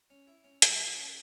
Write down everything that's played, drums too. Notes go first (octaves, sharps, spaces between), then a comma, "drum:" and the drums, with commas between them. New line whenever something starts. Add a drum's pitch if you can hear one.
C#4
E4
C#4
F#3, drum: hi-hat
E4
C#4